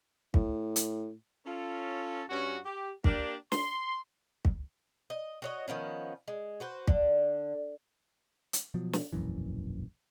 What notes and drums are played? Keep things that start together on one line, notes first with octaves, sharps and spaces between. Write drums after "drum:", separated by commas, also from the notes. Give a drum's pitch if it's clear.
A2, drum: kick
drum: hi-hat
C#4 F4 A4
G2 C#4 F#4
G4
A#3 D4 G4, drum: kick
C6, drum: snare
drum: kick
D#5
F#4 C#5 D#5
D#3 F3 B3 C#4
G#3
F#4 B4 C5
D3, drum: kick
drum: hi-hat
B2 F3 F#3
drum: snare
E1 A#1 F#2 E3